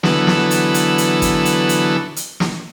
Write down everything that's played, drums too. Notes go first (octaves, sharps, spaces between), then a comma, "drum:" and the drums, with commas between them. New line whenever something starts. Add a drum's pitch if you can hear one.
D3 E3 F#3 B3 A4, drum: snare
drum: snare
drum: hi-hat
drum: hi-hat
drum: hi-hat
drum: kick, hi-hat
drum: hi-hat
drum: hi-hat
drum: hi-hat
drum: snare